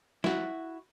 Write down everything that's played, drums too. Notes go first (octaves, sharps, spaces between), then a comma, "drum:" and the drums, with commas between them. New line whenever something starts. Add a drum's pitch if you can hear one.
E4 F#4, drum: snare